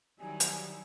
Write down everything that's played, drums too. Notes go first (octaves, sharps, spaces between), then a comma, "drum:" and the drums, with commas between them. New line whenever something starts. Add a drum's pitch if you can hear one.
D#3 F#3 G3 E4 G#5
drum: hi-hat